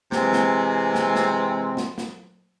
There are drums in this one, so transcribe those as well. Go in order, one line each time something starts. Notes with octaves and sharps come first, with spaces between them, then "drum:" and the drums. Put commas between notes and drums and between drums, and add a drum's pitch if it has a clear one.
C3 E3 G#3 C4, drum: snare
drum: snare
drum: snare
drum: snare
drum: snare
drum: snare